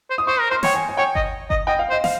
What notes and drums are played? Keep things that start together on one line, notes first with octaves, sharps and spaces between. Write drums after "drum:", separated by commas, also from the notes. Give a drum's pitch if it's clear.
C5
D#6
C5 C#6
A#4
C5 C6
C#5 G5, drum: snare
G#5
G#5
C#5 G5
D#5, drum: kick G1
D#5, drum: kick G1
D#5 G5
F5
C5 D#5
F5, drum: snare